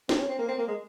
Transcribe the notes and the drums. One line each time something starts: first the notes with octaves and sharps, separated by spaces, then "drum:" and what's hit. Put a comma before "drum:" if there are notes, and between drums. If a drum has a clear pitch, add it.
C4, drum: snare
C#4
C4
A#3
C4
A#3
G#3